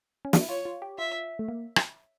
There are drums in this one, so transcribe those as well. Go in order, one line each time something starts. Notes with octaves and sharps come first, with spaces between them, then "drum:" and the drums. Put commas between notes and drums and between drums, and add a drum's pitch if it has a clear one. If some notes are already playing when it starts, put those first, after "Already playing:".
C#4
D4, drum: snare
E4
F4 C#5
F4
G4
F4 E5
A3
A#3
drum: rim click